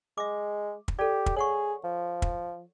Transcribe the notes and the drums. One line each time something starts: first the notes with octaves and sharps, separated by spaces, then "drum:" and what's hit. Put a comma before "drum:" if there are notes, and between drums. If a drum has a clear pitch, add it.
G#3 E5 D6
drum: kick
G4 A4 D5
drum: kick
G#4 C#5 F#5 C#6
F3
drum: kick